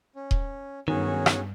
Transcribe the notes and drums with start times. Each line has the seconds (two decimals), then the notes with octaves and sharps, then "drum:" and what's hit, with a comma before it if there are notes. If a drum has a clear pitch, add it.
0.15 C#4
0.31 drum: kick D#1
0.88 B1 G2 D#3 C#4 F#4 G#4
1.26 drum: rim click